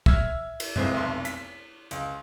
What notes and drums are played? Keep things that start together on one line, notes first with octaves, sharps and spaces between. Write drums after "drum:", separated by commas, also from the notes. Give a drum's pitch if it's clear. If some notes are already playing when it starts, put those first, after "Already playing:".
E5 E6 F6 G#6, drum: kick
drum: cymbal
G1 C2 G#3 C4, drum: tom G2
F1 B1 C6
B6, drum: hi-hat
C#2, drum: hi-hat